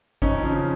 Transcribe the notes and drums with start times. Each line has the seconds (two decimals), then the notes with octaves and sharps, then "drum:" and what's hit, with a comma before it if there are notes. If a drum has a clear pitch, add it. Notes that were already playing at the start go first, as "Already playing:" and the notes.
0.22 F2 C#4 D#4, drum: kick, hi-hat
0.43 C#3 F3